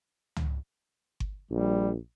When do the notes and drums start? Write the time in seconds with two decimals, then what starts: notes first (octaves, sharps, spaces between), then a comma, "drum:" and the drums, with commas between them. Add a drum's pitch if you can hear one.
0.36 drum: tom
1.20 drum: kick G1
1.51 A#1 G3